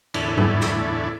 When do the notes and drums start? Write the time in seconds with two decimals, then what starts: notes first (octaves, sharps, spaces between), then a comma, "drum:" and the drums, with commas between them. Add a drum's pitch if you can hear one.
0.14 E2 A2 D3 C#4 E4 D5, drum: cymbal
0.37 drum: tom G#2
0.61 drum: snare